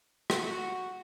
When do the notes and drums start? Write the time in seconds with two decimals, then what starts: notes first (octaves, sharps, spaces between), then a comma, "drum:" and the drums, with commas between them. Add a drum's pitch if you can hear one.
0.30 F#4, drum: rim click